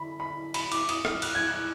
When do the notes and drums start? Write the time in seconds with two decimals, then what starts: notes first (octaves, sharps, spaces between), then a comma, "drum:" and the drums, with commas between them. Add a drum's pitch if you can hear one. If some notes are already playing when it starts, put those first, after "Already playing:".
Already playing: D3 B5
0.20 B5
0.54 B5, drum: cymbal
0.72 D6, drum: cymbal
0.89 D#6, drum: cymbal
1.05 F6, drum: rim click
1.22 F#6, drum: cymbal
1.35 G#6
1.48 F#6